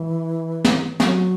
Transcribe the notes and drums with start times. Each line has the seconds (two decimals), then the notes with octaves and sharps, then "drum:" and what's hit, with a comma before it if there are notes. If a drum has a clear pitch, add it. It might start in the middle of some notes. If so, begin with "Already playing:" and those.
Already playing: E3
0.65 drum: snare
1.00 F#3, drum: snare